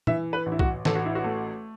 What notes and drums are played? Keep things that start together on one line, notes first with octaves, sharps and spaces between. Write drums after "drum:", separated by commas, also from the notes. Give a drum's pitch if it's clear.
E3 E5, drum: tom
B4
A1
E4
F#4, drum: kick
A1 A4, drum: snare
F#4
E4
F#4
A3